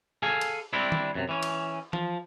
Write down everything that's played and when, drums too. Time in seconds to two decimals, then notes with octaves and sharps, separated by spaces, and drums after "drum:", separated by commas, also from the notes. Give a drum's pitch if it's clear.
0.22 G#4 A4 F5 G#5
0.41 drum: cymbal
0.73 G3 C4 D4 E4
0.92 drum: tom
1.15 F#2 C3
1.29 E3 C#4
1.43 drum: cymbal
1.93 F3, drum: tom E3